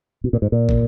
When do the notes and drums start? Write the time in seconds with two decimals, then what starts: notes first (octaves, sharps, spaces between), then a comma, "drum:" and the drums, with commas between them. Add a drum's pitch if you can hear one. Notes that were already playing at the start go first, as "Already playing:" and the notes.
0.24 B2
0.33 A#2
0.42 G#2
0.52 A#2
0.69 drum: kick